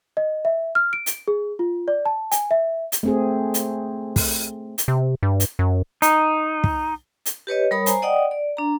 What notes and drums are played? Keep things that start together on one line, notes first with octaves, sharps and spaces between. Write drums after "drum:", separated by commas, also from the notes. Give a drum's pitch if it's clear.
D#5
E5
F6
D7
drum: hi-hat
G#4
F4
D5
A5
G#5, drum: hi-hat
E5
drum: hi-hat
A3 C4 G#4
drum: hi-hat
drum: kick, open hi-hat
drum: hi-hat
C3
G2
drum: hi-hat
F#2
D#4, drum: hi-hat
drum: kick
drum: hi-hat
G4 B4 C#5 D#5
G3 A#4 C#5 B5 D#6
C5 G#5 A#5, drum: hi-hat
D5 D#5 F#5 G5 D#6
D5
D4 A#5